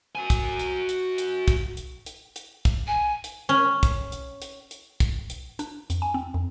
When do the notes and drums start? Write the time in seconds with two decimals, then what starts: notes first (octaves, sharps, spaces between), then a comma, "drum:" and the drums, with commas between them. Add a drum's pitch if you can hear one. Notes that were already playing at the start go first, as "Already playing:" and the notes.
0.15 F#4 G#5
0.30 drum: kick, hi-hat
0.59 drum: hi-hat
0.89 drum: hi-hat
1.18 drum: hi-hat
1.48 drum: kick, hi-hat
1.77 drum: hi-hat
2.06 drum: hi-hat
2.36 drum: hi-hat
2.65 drum: kick, hi-hat
2.87 G#5
3.24 drum: hi-hat
3.49 C#4
3.83 drum: kick, hi-hat
4.12 drum: hi-hat
4.42 drum: hi-hat
4.71 drum: hi-hat
5.00 drum: kick, hi-hat
5.30 drum: hi-hat
5.59 D4, drum: hi-hat
5.90 F2, drum: hi-hat
6.02 G#5
6.14 C4
6.34 F2